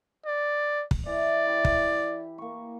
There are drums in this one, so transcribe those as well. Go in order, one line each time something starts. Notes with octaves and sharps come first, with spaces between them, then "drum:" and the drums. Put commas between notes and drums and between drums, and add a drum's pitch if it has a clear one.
D5
drum: kick
E3 D5
E4 G4
drum: kick
A#3 C#6